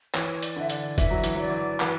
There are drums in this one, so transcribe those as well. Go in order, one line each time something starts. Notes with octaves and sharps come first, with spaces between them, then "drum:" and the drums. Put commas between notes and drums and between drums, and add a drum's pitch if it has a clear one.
E3 C#5, drum: clap
D5, drum: hi-hat
D3 E5
D5, drum: hi-hat
E3 E5, drum: kick F#1, hi-hat
F#3
E3, drum: hi-hat
F#3 D5
E3
E3 B4, drum: clap